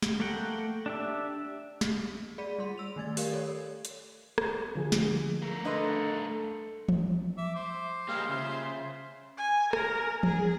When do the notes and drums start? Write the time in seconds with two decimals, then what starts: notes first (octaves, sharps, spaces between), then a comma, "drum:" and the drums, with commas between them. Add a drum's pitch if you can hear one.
0.02 drum: snare
0.20 A3 A#3 A#4 F#5 G5
0.86 D4 G4 E5
1.81 drum: snare
2.38 G#4 D5 B5 B6 D#7
2.59 G3 C6
2.78 E6 F7
2.96 D#3 A3 G#6 A6
3.17 G4 A#4 D5 F5, drum: open hi-hat
3.32 A4 C#5
3.85 drum: hi-hat
4.38 drum: rim click
4.75 D3 F3 G#4
4.92 drum: snare
5.42 A3 A#4
5.64 D3 A4 B4 D#5 A#5 C6
6.88 drum: tom E3
7.38 E5 D6
7.55 C5
8.08 G3 G#3 A#3 G4 F5
8.29 C#3 F4 E5 C6
9.37 G#5
9.73 A#4, drum: rim click
10.23 G#4, drum: tom E3